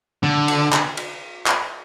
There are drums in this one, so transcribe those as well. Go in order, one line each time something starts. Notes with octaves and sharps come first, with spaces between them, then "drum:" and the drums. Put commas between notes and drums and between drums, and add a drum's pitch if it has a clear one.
D3
drum: cymbal
drum: clap
drum: cymbal
drum: clap